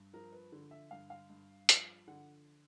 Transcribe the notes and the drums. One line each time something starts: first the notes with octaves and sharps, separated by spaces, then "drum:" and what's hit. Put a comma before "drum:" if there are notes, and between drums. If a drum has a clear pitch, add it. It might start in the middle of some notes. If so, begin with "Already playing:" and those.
Already playing: G2
F3 A#4
B4
D3
E5
G2 F5
F5
G2
F3, drum: hi-hat
D3 F#5